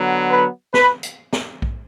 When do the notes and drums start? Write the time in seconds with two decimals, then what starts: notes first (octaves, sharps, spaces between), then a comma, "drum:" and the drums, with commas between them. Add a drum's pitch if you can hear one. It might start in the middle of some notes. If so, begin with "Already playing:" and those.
Already playing: D3 F#3 B3
0.29 B4
0.74 B4, drum: snare
1.03 drum: hi-hat
1.33 drum: snare
1.62 drum: kick A#1